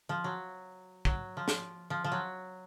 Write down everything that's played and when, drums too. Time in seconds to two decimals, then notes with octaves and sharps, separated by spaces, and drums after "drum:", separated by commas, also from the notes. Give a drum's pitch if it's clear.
0.09 F3
0.24 F#3
1.05 F#3, drum: kick
1.37 F3
1.48 drum: snare
1.90 F3
2.04 F3
2.12 F#3